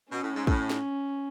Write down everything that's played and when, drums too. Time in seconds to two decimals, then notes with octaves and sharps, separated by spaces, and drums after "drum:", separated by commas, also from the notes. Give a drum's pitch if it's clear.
0.11 B2 C#4
0.23 A2
0.35 G#2
0.47 A2, drum: kick
0.70 drum: snare